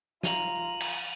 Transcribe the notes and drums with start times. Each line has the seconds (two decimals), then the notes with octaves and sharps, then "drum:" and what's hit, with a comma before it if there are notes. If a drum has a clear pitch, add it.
0.23 F4 A#5 D#7 F7 F#7, drum: snare
0.80 drum: cymbal